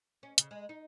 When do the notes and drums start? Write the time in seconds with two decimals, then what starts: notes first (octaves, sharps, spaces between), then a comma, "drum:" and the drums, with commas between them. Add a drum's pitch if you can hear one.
0.23 C#4
0.38 C#3, drum: hi-hat
0.51 G#3
0.69 D#4